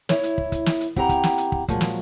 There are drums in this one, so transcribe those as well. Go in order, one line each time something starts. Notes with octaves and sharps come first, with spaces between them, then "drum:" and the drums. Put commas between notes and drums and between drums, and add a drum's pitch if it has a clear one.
E4 C#5, drum: snare
drum: hi-hat
drum: kick
drum: kick, hi-hat
drum: snare
drum: hi-hat
B3 C4 E4 G4 F#5 A#5, drum: kick
drum: kick, hi-hat
drum: snare
drum: hi-hat
drum: kick
A#2 F3 F#3 G#3, drum: kick, hi-hat
drum: snare